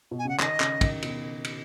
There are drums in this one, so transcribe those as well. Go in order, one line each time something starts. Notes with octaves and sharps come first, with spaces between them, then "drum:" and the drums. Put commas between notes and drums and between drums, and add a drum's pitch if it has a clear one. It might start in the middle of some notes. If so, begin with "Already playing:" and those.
B2
G#5
C#3 F#5
D#3 D#5, drum: clap
C#3, drum: clap
D#3, drum: kick, cymbal
B2, drum: cymbal
drum: cymbal